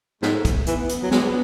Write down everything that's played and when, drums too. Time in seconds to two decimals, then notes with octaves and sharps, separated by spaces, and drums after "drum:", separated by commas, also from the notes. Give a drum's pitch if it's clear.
0.23 G#2 A3, drum: snare
0.45 drum: kick, hi-hat
0.67 E3 B3, drum: hi-hat
0.89 drum: hi-hat
1.03 F#3
1.11 G#3 B3 D4, drum: snare